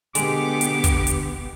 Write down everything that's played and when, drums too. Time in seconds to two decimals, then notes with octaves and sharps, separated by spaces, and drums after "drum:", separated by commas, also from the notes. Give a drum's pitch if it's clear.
0.15 B2 D3 G#3 B3 G4 D6, drum: hi-hat
0.61 drum: hi-hat
0.84 drum: kick, hi-hat
1.07 drum: hi-hat